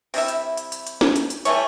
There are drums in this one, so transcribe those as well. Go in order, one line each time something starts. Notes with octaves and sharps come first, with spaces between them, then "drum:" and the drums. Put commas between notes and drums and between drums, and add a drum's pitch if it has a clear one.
C3 G3 E4 E5, drum: open hi-hat
drum: hi-hat
drum: hi-hat
drum: hi-hat
drum: hi-hat
drum: snare
drum: hi-hat
drum: hi-hat
E3 G3 A3 C#5, drum: hi-hat